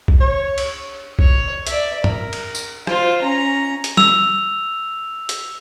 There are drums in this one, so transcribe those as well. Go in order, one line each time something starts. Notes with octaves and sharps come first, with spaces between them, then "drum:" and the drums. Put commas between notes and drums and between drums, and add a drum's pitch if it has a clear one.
drum: kick B1
C#5
drum: cymbal
C#5, drum: kick B1
D5 E5, drum: hi-hat
A#4, drum: tom
drum: cymbal
drum: tambourine
F4 C5, drum: rim click
C#4 A#5
drum: hi-hat
E6 F7, drum: snare
drum: hi-hat